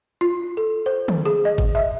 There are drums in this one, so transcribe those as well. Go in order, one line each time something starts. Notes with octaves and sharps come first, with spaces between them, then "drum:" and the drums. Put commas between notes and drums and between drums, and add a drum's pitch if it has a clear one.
F4
A4
C5
drum: tom
G#4
D#5
drum: kick G1
E5